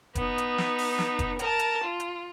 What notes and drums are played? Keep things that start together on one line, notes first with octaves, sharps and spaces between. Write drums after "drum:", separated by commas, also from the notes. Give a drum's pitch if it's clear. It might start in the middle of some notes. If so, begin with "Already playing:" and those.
B3 D#4, drum: kick F1, hi-hat
drum: hi-hat
drum: snare
drum: open hi-hat
drum: snare
drum: kick F1, hi-hat
A#4 A5, drum: hi-hat
drum: hi-hat
F4
drum: hi-hat